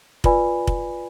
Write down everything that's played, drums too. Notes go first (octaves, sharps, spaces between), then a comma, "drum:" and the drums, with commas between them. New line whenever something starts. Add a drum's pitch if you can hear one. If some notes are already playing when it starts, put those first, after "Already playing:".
F4 B4 D5 G#5 B5, drum: kick
drum: kick